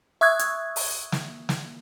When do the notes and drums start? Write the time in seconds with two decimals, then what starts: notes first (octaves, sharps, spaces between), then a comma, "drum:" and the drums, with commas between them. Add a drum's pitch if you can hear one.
0.21 E5 C#6 D#6 E6 F#6 G#6
0.39 drum: hi-hat
0.76 drum: open hi-hat
1.12 drum: snare
1.49 drum: snare